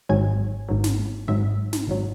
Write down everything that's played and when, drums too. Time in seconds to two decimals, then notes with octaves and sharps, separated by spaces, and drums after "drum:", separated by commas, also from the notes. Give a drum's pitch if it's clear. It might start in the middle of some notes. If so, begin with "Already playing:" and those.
0.09 G#1 G#2 F#3 G#5
0.69 G#1 G#2 F#3
0.84 drum: snare
1.28 G#1 G#2 F#3 E5
1.73 drum: snare
1.87 G#1 G#2 F#3